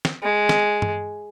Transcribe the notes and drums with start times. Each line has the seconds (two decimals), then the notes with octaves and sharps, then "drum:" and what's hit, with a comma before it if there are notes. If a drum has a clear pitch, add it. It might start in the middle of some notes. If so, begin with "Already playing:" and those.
0.05 drum: snare
0.23 G#3
0.49 drum: snare
0.82 drum: tom G2